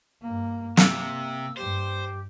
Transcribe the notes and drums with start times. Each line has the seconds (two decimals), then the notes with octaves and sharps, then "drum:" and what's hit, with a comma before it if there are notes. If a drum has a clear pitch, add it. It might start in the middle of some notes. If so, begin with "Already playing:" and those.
0.22 G2 A#3
0.77 C3 A#3 E6, drum: snare
1.57 G2 G4 C5